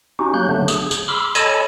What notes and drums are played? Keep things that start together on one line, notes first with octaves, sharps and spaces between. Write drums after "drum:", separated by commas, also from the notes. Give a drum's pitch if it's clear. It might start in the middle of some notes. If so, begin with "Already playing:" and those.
C#4 D#4 F#4 G4
F#3 A#3 G4 F#6 G6
D3 F#3 A3 B3 D4
G#4, drum: tambourine
drum: tambourine
B5 C6 D6 E6 F6
A4 C#5 D#5 G#5 A5 B5, drum: tambourine